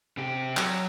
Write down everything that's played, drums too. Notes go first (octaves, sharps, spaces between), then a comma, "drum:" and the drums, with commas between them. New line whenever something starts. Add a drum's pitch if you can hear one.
C3 G4
F#3, drum: clap